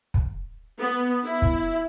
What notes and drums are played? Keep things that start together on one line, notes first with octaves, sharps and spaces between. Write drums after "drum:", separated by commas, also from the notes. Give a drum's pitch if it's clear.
drum: kick
B3
E4
drum: kick